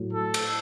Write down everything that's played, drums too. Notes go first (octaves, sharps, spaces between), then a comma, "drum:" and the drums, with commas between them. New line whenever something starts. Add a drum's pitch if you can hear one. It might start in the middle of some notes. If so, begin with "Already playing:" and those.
Already playing: A2 F#3
A4
drum: cymbal